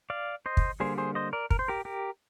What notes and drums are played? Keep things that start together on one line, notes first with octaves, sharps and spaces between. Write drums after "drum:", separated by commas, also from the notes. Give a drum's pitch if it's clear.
D5 F5
C5 D#5
drum: kick
D3 G3 A#3 G#4 C5
G#4 C5
C5 D#5
A#4 D5
A#4, drum: kick
C5
G4 A#4
G4 A#4